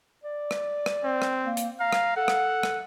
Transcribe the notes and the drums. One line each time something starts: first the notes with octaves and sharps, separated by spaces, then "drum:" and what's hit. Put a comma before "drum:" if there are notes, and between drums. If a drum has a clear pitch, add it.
D5
drum: rim click
drum: rim click
C4
drum: rim click
A#3
drum: hi-hat
F5 A#5
drum: rim click
A4 F#5
drum: rim click
drum: rim click